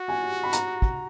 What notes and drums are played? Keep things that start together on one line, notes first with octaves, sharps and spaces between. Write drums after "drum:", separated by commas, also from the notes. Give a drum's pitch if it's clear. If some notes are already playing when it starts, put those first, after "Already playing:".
Already playing: F#4
G#5
B5
A#5, drum: hi-hat
drum: kick